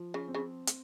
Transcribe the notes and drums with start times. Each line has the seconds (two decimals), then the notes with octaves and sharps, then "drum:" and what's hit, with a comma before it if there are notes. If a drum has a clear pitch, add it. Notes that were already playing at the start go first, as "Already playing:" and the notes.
Already playing: F3
0.14 C#3
0.28 C4
0.34 C#3
0.67 drum: hi-hat